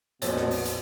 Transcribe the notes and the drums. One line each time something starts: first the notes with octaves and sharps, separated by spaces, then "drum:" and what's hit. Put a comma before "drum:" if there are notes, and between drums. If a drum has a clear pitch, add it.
A#1 F2 B2 F3 C5 C#5, drum: hi-hat
drum: snare
drum: open hi-hat
drum: hi-hat